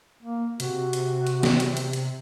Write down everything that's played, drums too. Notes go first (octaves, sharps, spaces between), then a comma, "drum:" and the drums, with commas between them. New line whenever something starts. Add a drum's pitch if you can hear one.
A#3
C3 F#4, drum: hi-hat
drum: hi-hat
drum: hi-hat
drum: snare
drum: hi-hat
drum: hi-hat
drum: hi-hat